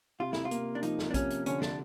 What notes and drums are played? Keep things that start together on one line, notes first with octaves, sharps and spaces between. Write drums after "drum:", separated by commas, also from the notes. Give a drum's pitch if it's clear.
C3 F4
E4, drum: snare
F4
A#3, drum: hi-hat
D4
F3 D#4, drum: hi-hat
drum: snare
D4
C3 C#4, drum: kick A#1, hi-hat
drum: hi-hat
D3 C#4, drum: hi-hat
D4, drum: snare